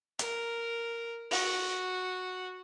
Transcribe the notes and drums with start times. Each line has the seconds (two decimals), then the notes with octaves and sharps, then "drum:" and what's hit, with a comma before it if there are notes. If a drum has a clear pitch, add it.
0.19 A#4, drum: hi-hat
1.31 F#4, drum: open hi-hat